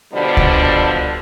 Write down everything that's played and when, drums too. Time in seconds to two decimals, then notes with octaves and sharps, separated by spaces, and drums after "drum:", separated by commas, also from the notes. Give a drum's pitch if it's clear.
0.13 B2 D3 F3 G3 D4
0.37 drum: kick C#2